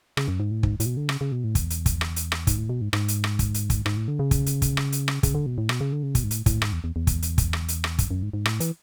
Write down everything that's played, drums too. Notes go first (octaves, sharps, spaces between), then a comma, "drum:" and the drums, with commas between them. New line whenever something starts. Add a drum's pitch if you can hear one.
C#3, drum: rim click
F#2
G#2
A2
G#2, drum: kick
A2, drum: hi-hat
B2
D3
C#3, drum: rim click
C#3
B2
A2
E2, drum: kick, hi-hat
drum: hi-hat
drum: kick, hi-hat
drum: rim click
drum: hi-hat
drum: rim click
G#2, drum: kick, hi-hat
A2
B2
G#2
G#2, drum: rim click
drum: hi-hat
drum: rim click
drum: kick, hi-hat
drum: hi-hat
drum: kick, hi-hat
G#2, drum: rim click
A2
D3
C#3
drum: kick, hi-hat
drum: hi-hat
drum: kick, hi-hat
drum: rim click
drum: hi-hat
drum: rim click
C#3, drum: kick, hi-hat
D3
B2
A2
B2, drum: rim click
C#3
D3
C#3
B2, drum: kick, hi-hat
G#2
A2, drum: hi-hat
A2, drum: kick, hi-hat
G#2, drum: rim click
E2
E2
E2
drum: kick, hi-hat
drum: hi-hat
drum: kick, hi-hat
drum: rim click
drum: hi-hat
drum: rim click
F#2, drum: kick, hi-hat
F#2
G#2
G#2
A2, drum: rim click
E3, drum: hi-hat